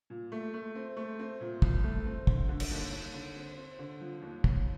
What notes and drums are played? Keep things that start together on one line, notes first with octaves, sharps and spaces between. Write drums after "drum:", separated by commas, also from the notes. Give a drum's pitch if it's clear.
A#2
A3
A3
C4
A3
C4
A#2
C2, drum: kick
A3
C4
D3, drum: kick
D3
drum: cymbal
D#2
D#2
D3
C4
C4
D3
F3
D#2
D#2, drum: kick